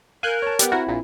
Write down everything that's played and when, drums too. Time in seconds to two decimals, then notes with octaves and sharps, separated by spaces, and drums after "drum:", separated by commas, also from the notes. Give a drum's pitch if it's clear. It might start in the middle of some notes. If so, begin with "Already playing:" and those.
0.23 A#4 F5 G#5 F#6 G6
0.42 C#5 A5
0.59 G3 B3 G4, drum: hi-hat
0.72 C4 E4 F#4 A#4
0.87 A#1 A#2